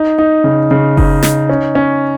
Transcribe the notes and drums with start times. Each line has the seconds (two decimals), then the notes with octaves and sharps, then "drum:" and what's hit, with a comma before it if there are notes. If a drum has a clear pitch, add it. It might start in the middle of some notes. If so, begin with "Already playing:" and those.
Already playing: D#4
0.19 D#4
0.44 C#3
0.71 C#3
0.97 D#4, drum: kick F#1
1.23 D#4, drum: snare
1.49 C#4
1.75 C#4